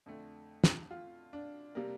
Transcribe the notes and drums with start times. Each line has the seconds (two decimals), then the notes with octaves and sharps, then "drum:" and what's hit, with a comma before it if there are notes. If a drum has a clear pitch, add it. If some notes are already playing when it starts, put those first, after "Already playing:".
0.06 F2 D3 A3
0.64 drum: snare
0.91 F4
1.33 D4
1.75 C3 G3 A#3